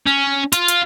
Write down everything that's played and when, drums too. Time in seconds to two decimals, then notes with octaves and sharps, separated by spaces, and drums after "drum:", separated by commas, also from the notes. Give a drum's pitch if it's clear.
0.07 C#4
0.53 F4, drum: hi-hat
0.68 drum: hi-hat